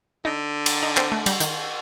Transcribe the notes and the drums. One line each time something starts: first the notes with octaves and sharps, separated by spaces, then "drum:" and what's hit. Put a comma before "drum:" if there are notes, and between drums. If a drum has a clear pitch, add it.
D3 D#4
drum: cymbal
D#4
C4, drum: clap
A3
G3, drum: cymbal
D#3, drum: hi-hat